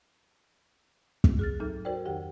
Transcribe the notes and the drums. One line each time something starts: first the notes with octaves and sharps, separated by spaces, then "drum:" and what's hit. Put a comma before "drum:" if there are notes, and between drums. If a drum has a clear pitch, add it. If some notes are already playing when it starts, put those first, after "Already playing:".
drum: kick
G#4 F6 A6
D2 G#2 F#3 D#4 A4 F6
F#4 A#4 C5 D5 G5
F2 D#3 G4 F#5 G5